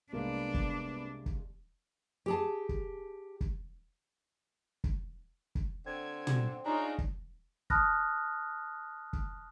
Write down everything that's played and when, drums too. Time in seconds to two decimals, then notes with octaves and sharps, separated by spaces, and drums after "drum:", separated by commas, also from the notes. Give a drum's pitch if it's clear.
0.13 C2 G#3 A#3 B3 D4
0.54 drum: kick
1.26 drum: kick
2.26 G4 G#4 A5
2.69 drum: kick
3.41 drum: kick
4.84 drum: kick
5.55 drum: kick
5.86 D3 C4 G#6
6.27 drum: tom
6.65 D4 D#4 F4 G#4 C#5 A#5
6.98 drum: kick
7.70 A5 B5 D#6 F6 F#6 A#6, drum: kick
9.13 drum: kick